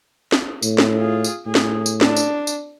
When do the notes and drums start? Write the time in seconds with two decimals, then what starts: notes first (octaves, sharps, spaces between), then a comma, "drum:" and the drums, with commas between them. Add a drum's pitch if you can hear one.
0.32 drum: snare
0.62 A2, drum: tambourine
0.78 drum: snare
0.98 F4 G#4
1.24 drum: tambourine
1.46 A2 G#4
1.55 drum: snare
1.86 drum: tambourine
2.01 D4, drum: snare
2.16 drum: tambourine
2.47 drum: tambourine